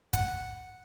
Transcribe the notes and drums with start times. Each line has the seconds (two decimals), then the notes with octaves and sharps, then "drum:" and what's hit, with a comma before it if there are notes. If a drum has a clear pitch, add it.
0.13 F#5, drum: kick, hi-hat